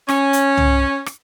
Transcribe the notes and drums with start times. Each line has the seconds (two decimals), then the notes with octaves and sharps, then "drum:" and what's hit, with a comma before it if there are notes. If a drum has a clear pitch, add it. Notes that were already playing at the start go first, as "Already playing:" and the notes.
0.09 C#4, drum: rim click
0.33 drum: hi-hat
0.57 drum: tom
1.06 drum: rim click